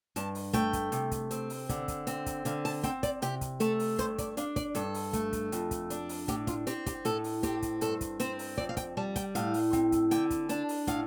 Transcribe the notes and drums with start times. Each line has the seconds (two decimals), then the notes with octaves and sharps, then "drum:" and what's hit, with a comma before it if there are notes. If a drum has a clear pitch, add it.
0.16 G2 A5, drum: hi-hat
0.35 drum: open hi-hat
0.53 A3 G5, drum: kick, hi-hat
0.73 drum: kick, hi-hat
0.92 C3, drum: hi-hat
1.11 drum: kick, hi-hat
1.31 C4, drum: hi-hat
1.50 drum: open hi-hat
1.69 D3, drum: kick, hi-hat
1.88 drum: kick, hi-hat
2.07 C4, drum: hi-hat
2.26 drum: kick, hi-hat
2.45 D3 F5, drum: hi-hat
2.65 A5, drum: open hi-hat
2.83 C4 G5, drum: kick, hi-hat
3.03 D5, drum: kick, hi-hat
3.22 C3 G4, drum: hi-hat
3.41 drum: kick, hi-hat
3.60 A3 A4, drum: hi-hat
3.79 drum: open hi-hat
3.98 G2 C5, drum: kick, hi-hat
4.18 D5, drum: kick, hi-hat
4.37 D4 F5, drum: hi-hat
4.56 D5, drum: kick, hi-hat
4.75 G2 A4, drum: hi-hat
4.94 drum: open hi-hat
5.13 A3, drum: kick, hi-hat
5.33 drum: kick, hi-hat
5.52 F2, drum: hi-hat
5.71 drum: kick, hi-hat
5.90 D4, drum: hi-hat
6.09 drum: open hi-hat
6.28 A2 G4, drum: kick, hi-hat
6.47 F4, drum: kick, hi-hat
6.67 C4 G4, drum: hi-hat
6.86 G4, drum: kick, hi-hat
7.05 A2 A4, drum: hi-hat
7.24 drum: open hi-hat
7.43 C4 G4, drum: kick, hi-hat
7.62 drum: kick, hi-hat
7.81 G2 A4, drum: hi-hat
8.01 drum: kick, hi-hat
8.20 C4 C5, drum: hi-hat
8.39 drum: open hi-hat
8.58 F2 D5, drum: kick
8.69 F5
8.77 G5, drum: kick, hi-hat
8.97 G3 A5
9.16 G5, drum: kick, hi-hat
9.35 A2 F5, drum: hi-hat
9.54 drum: open hi-hat
9.73 C4, drum: kick, hi-hat
9.92 drum: kick, hi-hat
10.11 D3 G5, drum: hi-hat
10.30 drum: kick, hi-hat
10.49 D4 A5, drum: hi-hat
10.69 drum: open hi-hat
10.87 A2 F5, drum: kick, hi-hat